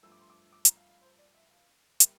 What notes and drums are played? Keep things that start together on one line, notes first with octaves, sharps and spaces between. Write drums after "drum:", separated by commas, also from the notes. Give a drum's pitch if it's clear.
G2 F3 A3 E6
D6
C6
D6
D6
A#5, drum: hi-hat
F5
F5
C5
D5
E5
F5
G3 A#3 E5, drum: hi-hat